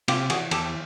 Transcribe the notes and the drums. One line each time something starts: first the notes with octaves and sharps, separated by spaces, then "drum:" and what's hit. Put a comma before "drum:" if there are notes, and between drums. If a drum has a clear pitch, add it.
C3 F4 G4, drum: cymbal
E3 F#4 G#4, drum: cymbal
E2 G4 A4, drum: cymbal